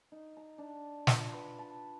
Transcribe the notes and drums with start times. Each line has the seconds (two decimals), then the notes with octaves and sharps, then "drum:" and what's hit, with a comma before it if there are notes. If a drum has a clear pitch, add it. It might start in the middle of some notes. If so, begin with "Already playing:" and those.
0.12 D#4
0.37 A#5
0.58 D4
1.07 F4, drum: snare
1.33 B4
1.58 A5